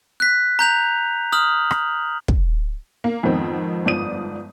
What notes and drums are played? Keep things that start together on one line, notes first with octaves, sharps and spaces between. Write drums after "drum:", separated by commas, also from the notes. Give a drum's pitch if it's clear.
F#6 B6
A#5 G6 F7
D#6 F6 F#7
drum: rim click
drum: kick
A#3
F2 G#2 D#3 B3 C4 D#4
G1 G#2 F3 D5 D#6 D#7